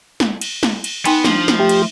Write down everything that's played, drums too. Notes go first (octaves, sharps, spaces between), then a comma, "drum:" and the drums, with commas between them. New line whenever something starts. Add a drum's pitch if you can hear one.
drum: snare
drum: cymbal
drum: snare
drum: cymbal
B3 D#4 G5 G#5, drum: cymbal
F3 D4, drum: snare
drum: snare
A3 G4 E5
drum: cymbal